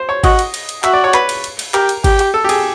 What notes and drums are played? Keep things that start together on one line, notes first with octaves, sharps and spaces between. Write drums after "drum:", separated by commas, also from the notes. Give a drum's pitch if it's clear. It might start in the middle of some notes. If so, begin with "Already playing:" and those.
Already playing: C5
C#5
F#4 D#5, drum: kick G#1, cymbal
drum: cymbal
drum: cymbal
drum: cymbal
F#4 E5, drum: clap
D5
C#5
B4, drum: clap
drum: cymbal
drum: cymbal
drum: cymbal
G4 A#4, drum: clap
drum: cymbal
G4, drum: kick G#1, cymbal
drum: cymbal
A4
G4
G#4, drum: cymbal